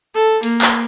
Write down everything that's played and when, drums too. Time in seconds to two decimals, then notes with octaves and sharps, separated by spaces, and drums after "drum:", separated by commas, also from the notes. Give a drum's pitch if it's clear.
0.15 A4
0.43 A#3, drum: hi-hat
0.62 drum: clap